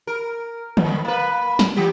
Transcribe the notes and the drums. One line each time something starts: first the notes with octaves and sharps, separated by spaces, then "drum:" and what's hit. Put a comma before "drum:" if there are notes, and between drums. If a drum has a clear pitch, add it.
A#4
E2, drum: tom
A#3 B4
drum: snare
E3 G4